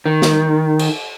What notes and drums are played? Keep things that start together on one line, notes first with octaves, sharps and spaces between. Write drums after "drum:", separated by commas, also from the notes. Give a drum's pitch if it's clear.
D#3
drum: snare
drum: cymbal